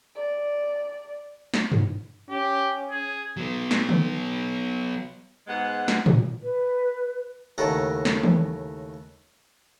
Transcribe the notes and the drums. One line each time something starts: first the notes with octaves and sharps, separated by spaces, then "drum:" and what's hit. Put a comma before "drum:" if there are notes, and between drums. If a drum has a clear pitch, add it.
D5
drum: snare
drum: tom G2
C#4 G4
G#4
F#3 B3
drum: snare
drum: tom D3
G#2 G#3 B3 F#5
drum: snare
drum: tom A2
B4
D#2 A2 C#3 A4 F#5 A#5
drum: snare
drum: tom D#3